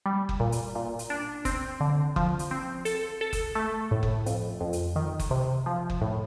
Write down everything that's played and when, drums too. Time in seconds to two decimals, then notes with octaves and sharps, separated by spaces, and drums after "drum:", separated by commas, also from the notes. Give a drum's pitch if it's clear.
0.06 G3
0.29 drum: kick F#1
0.40 A#2
0.52 drum: hi-hat
0.75 A#2
0.99 drum: hi-hat
1.10 D4
1.45 C4, drum: kick F#1, hi-hat
1.81 D3
2.16 F3, drum: kick F#1
2.39 drum: hi-hat
2.51 C4
2.85 A4, drum: hi-hat
3.21 A4
3.33 drum: kick F#1, hi-hat
3.55 A3
3.91 A2
4.03 drum: kick F#1
4.26 F2, drum: hi-hat
4.61 F2
4.73 drum: hi-hat
4.96 D#3
5.20 drum: kick F#1, hi-hat
5.31 C3
5.66 F3
5.90 drum: kick F#1
6.01 A2